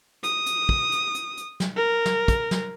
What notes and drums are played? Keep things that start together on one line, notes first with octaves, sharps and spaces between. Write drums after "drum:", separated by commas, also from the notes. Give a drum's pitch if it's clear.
D#6, drum: hi-hat
drum: hi-hat
drum: kick
drum: hi-hat
drum: hi-hat
drum: hi-hat
drum: snare
A#4
drum: snare
drum: kick, hi-hat
drum: snare